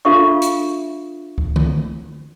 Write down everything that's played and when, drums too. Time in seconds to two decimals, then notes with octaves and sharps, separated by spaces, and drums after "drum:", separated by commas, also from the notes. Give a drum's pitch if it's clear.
0.05 D4 F4 A4 E5 F5 C#6
0.42 drum: hi-hat
1.38 drum: kick C#2
1.56 drum: tom D3